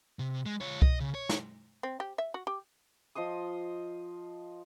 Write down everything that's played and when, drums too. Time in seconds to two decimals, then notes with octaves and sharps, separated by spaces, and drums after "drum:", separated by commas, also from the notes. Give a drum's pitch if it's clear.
0.19 C3
0.46 G#3
0.61 F4 C#5
0.82 D#5, drum: kick C2
1.00 C#3
1.15 C#5
1.29 drum: snare
1.83 C4
2.00 G4
2.18 E5
2.34 F#4
2.47 G4
3.15 F3 D#5 C6 D#6